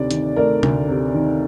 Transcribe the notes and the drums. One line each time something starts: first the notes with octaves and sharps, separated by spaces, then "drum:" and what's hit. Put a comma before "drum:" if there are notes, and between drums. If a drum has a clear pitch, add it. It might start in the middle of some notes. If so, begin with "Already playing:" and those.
Already playing: D2 C3 D#3 A3 D5
D#3, drum: hi-hat
A3 A#4 D5
D2, drum: tom C3
C3
D#3